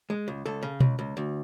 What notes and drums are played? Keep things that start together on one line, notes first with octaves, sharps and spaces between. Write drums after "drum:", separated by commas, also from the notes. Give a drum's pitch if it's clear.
G#3
C#2
C#2 A4
C#3
C#2, drum: tom B2
C#2
D2